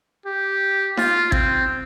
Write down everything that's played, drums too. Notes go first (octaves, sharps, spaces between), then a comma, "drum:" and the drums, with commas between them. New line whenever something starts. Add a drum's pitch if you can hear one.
G4
F4, drum: snare D#4
C4, drum: kick A1